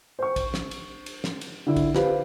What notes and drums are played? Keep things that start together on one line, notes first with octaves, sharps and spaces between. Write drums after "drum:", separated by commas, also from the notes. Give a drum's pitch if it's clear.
C5 C#6
drum: kick, cymbal
drum: snare
drum: cymbal
drum: cymbal
drum: snare
drum: cymbal
D3 E4
drum: kick, cymbal
F4 G4 B4 C5 F5, drum: snare